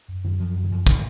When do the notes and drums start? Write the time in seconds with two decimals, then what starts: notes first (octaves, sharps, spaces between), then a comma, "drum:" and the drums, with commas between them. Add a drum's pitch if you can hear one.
0.08 F#2
0.24 F#2 D#3
0.40 F#2 F3
0.56 F#2
0.64 D#3
0.71 F#2 F3
0.87 D#3, drum: kick